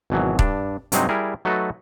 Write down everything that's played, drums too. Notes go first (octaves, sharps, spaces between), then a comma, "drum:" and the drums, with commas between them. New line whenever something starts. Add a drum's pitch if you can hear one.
G#1 B2 E3 F#3
G2 D4, drum: kick D#1
G2 C3 F#3 G#3 C4 D#4, drum: hi-hat
G3 E4 G#4 A#4
F#3 A3 D#4 F#4 A4 B4